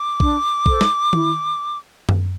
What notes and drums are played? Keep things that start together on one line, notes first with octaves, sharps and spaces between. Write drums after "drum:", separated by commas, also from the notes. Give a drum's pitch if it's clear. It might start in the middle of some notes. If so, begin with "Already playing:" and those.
Already playing: D6
D4, drum: kick
A4 C5, drum: kick
drum: snare
E4, drum: tom D#3
drum: tom F#2